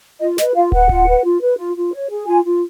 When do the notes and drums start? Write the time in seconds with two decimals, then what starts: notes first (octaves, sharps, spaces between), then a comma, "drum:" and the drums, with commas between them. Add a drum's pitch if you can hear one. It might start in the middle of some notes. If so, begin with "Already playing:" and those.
0.20 F4 D#5
0.38 B4 D#5, drum: snare
0.55 F4 F5
0.72 B4 F#5, drum: kick
0.89 F4, drum: kick
1.07 B4
1.24 F4
1.41 B4
1.58 F4
1.75 F4
1.93 C#5
2.09 G#4
2.27 F4 G#5
2.44 F4